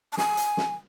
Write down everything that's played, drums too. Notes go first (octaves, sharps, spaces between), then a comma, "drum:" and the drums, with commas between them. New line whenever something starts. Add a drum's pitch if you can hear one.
A5
G#5, drum: snare
drum: hi-hat
drum: snare